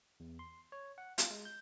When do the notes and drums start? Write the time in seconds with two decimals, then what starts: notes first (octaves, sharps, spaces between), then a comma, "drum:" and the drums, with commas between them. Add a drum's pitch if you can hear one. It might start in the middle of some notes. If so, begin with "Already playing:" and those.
0.20 E2
0.39 C6
0.72 C#5
0.98 F#5
1.18 F4, drum: hi-hat
1.30 G#3
1.45 G6